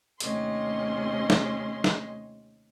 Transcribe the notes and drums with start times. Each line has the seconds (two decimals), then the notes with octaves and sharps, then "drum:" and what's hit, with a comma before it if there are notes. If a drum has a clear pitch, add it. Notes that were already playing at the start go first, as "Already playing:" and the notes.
0.20 D#2 C3 A3 C#4 D#5 C6, drum: hi-hat
1.30 drum: snare
1.84 drum: snare